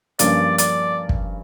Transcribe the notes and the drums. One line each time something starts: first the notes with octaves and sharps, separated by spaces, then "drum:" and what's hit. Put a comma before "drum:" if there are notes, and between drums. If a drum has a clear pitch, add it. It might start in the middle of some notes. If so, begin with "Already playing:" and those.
G2 F3 A#3 C#4 D5, drum: hi-hat
D5, drum: hi-hat
drum: kick